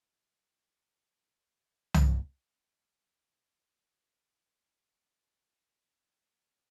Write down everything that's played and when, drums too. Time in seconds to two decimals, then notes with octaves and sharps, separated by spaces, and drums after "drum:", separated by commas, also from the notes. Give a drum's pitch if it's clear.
0.22 F#4 A4 A#4 D5 F#5 G#5
0.44 C#2 G#2 F3 F#3
0.57 F#3 D4 A#4
1.21 C#5 A5
1.94 drum: tom C2
3.95 D4 F#4
4.37 C#4 E4 G#4 A4
5.23 D3 D5 F#5
6.15 B3 A#4 D#5 G5